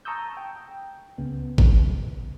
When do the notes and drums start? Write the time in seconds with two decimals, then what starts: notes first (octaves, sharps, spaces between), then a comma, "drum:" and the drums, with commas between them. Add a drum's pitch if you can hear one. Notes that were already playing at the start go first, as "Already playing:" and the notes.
0.05 A5 A#5 C#6 D#6 E6 G6
0.37 G5
1.18 C#2 C#3 B3
1.58 drum: kick G#1